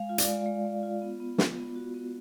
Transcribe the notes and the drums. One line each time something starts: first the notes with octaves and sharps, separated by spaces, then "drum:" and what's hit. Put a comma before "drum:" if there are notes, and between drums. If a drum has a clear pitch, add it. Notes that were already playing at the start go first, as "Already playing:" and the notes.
Already playing: G#3 F5
F4
D5, drum: hi-hat
G#3
G#3
G#3
F4
B3
B3
B3, drum: snare
B3
F#4
B3